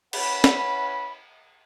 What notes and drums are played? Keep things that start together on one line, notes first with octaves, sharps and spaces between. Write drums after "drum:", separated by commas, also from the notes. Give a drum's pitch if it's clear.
C#4 E4 B4 F#5 B5, drum: cymbal
drum: snare